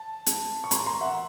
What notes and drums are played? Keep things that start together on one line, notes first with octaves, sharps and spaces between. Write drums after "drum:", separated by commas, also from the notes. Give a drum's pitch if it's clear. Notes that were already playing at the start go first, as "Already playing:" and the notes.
Already playing: A5
drum: hi-hat
C#6
A#5 C6, drum: hi-hat
A#5 C6
E5 F#5